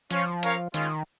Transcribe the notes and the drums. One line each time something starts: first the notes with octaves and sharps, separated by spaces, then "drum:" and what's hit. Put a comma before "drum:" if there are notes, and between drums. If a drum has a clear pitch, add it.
F3 C#4 F4 C#5 F5, drum: hi-hat
C#4 A#4 C#5 F5, drum: hi-hat
D#3 G#3 C#4 F4, drum: hi-hat